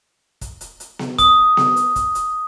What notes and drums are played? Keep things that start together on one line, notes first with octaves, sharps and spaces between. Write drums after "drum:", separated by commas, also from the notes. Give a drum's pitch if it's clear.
drum: kick, hi-hat
drum: hi-hat
drum: hi-hat
drum: snare B3
D#6, drum: kick, hi-hat
drum: snare B3
drum: hi-hat
drum: kick, hi-hat
drum: hi-hat